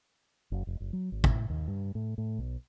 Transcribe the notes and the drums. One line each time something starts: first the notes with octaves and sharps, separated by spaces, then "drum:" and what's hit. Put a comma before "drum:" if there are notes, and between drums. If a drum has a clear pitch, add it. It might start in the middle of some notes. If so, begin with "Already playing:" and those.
F#1
F1
F#1
F#3
G#1
A2, drum: kick
D#2
G2
A2
A2
B1